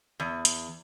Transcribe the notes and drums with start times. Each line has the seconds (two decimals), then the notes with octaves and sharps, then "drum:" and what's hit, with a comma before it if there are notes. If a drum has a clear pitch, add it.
0.20 E2
0.45 drum: hi-hat